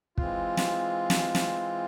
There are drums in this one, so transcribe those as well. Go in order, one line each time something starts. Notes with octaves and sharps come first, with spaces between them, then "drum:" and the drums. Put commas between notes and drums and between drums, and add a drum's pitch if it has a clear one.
E3 G#3 C4 F4, drum: kick
drum: snare
drum: snare
drum: snare